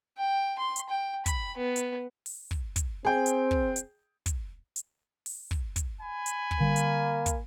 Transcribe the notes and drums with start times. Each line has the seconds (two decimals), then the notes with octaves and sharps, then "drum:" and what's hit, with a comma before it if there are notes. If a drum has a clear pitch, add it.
0.18 G5
0.59 C6
0.76 drum: hi-hat
0.90 G5
1.26 B5, drum: kick, hi-hat
1.57 B3
1.76 drum: hi-hat
2.26 drum: open hi-hat
2.51 drum: kick
2.76 drum: kick, hi-hat
3.05 C4 G#4 G5
3.26 drum: hi-hat
3.51 drum: kick
3.76 drum: hi-hat
4.26 drum: kick, hi-hat
4.76 drum: hi-hat
5.26 drum: open hi-hat
5.51 drum: kick
5.76 drum: kick, hi-hat
6.01 G#5 B5
6.26 drum: hi-hat
6.51 drum: kick
6.61 D3 G3 A#3
6.76 drum: hi-hat
7.26 drum: kick, hi-hat